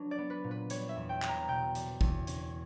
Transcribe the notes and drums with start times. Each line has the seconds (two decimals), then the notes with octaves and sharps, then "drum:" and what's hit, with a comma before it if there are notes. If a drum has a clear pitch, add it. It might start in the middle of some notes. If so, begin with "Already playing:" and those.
Already playing: F#3 D4 B4
0.11 D5
0.18 B3
0.30 B4
0.44 A#2
0.51 B4
0.70 G3 C#5, drum: hi-hat
0.89 E5
0.96 E2
1.09 G5
1.22 B3, drum: clap
1.29 A#5
1.48 B2 G5
1.75 G3, drum: hi-hat
2.01 E2, drum: kick
2.27 C#4, drum: hi-hat